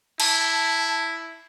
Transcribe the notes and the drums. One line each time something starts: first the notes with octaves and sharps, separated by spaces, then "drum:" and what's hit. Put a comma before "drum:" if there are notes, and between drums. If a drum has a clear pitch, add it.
E4 A5, drum: cymbal